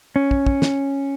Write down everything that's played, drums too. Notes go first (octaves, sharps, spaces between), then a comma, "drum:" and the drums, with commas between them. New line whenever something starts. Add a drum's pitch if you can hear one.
C#4
drum: kick
drum: kick
drum: snare